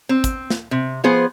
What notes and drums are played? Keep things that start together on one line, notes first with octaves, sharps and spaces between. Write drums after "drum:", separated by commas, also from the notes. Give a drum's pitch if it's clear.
C4
drum: kick, hi-hat
drum: snare
C3
F3 B3 G#4 C5